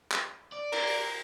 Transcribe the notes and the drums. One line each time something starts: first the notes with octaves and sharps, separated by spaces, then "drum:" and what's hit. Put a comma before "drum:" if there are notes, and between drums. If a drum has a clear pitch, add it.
drum: clap
D5
A#4, drum: cymbal
drum: open hi-hat